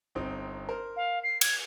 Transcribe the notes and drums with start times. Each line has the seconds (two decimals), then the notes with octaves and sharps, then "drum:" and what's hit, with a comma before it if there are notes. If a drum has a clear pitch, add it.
0.15 G1 C4 D#4
0.69 A#4 C5
0.97 F5
1.23 C7
1.41 G#6, drum: cymbal